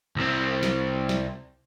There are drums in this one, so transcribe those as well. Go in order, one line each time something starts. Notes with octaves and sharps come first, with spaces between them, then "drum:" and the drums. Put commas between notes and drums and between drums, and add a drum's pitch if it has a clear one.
C2 C4
drum: snare
drum: snare